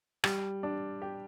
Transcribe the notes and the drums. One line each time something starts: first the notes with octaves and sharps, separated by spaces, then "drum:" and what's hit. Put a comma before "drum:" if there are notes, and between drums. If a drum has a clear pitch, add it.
G3, drum: rim click
D4
G4